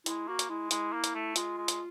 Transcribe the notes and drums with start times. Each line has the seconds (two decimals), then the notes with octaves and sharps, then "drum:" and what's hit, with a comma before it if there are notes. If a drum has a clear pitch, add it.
0.06 G#3 E4, drum: hi-hat
0.28 A#3 F#4
0.39 drum: hi-hat
0.50 G#3 E4
0.71 G#3 E4, drum: hi-hat
0.93 A#3
1.04 drum: hi-hat
1.15 A3
1.36 G#3 F4, drum: hi-hat
1.58 G#3
1.68 drum: hi-hat